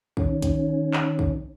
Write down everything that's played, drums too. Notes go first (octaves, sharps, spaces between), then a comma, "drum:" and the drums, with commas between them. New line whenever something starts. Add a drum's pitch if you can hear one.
D#3 C#4, drum: kick
drum: kick, hi-hat
drum: clap
drum: kick